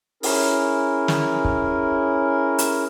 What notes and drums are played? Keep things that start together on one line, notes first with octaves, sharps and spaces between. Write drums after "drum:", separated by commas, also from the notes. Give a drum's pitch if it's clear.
C#4 E4 G#4 A#4, drum: open hi-hat
drum: snare
drum: kick
drum: hi-hat